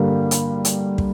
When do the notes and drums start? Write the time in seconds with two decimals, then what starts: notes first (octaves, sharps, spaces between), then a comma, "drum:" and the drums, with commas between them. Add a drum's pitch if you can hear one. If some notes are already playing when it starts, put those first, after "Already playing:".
Already playing: G2 D3 G3 A#3
0.31 drum: hi-hat
0.65 drum: hi-hat
0.98 drum: kick